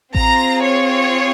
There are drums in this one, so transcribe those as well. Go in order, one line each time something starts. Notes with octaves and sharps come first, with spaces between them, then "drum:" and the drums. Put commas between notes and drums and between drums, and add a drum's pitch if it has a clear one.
C4 F4 G#4 A#5, drum: kick A1
C#5